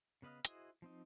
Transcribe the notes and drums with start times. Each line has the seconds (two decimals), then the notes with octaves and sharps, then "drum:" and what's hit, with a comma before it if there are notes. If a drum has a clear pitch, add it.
0.22 C#3 B3 B4 D#5 F5
0.45 E4 F#4 G#4 C5 D#5, drum: hi-hat
0.82 F3 C4 D#4